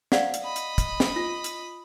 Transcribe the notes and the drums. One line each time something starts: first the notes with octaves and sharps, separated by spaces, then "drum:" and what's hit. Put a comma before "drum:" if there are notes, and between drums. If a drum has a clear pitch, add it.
D5 F5 F#5, drum: snare
drum: hi-hat
D#5 B5
drum: hi-hat
drum: kick, hi-hat
drum: snare
F4
drum: hi-hat